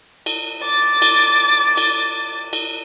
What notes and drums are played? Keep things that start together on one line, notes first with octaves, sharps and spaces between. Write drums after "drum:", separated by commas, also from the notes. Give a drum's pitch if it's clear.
drum: cymbal
D6 A6
drum: cymbal
drum: cymbal
drum: cymbal